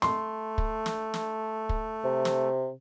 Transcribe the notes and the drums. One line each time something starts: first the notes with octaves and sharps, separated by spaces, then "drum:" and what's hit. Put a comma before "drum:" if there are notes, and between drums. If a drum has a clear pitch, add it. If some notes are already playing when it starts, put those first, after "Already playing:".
A3 C6, drum: snare
drum: kick
drum: snare
drum: snare
drum: kick
C3
drum: snare